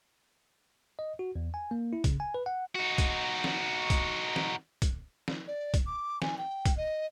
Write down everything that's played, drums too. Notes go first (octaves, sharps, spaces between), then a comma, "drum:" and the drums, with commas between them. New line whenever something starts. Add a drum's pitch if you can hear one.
D#5
F#4
E2
G#5
A#3
E4
C#3, drum: kick, hi-hat
G#5
B4
F#5
D#4 F#4
drum: kick, hi-hat
drum: snare
drum: kick, hi-hat
drum: snare
drum: kick, hi-hat
drum: snare
D5
drum: kick, hi-hat
D6
G#5, drum: snare
G5
drum: kick, hi-hat
D#5